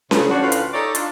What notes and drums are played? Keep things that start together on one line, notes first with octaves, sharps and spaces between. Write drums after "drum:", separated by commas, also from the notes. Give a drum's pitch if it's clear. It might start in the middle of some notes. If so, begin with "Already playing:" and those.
C#3, drum: snare C#4
F3 D4 F#4
D2 A2 C#4 F4 B4 F5
drum: hi-hat
D#4 G4 A4 C#5 D5
D4 F4, drum: hi-hat